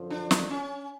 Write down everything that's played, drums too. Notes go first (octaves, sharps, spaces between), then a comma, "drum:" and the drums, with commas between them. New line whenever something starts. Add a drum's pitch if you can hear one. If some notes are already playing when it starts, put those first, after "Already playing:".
Already playing: F#2 D3 F3
D4
drum: snare
C#4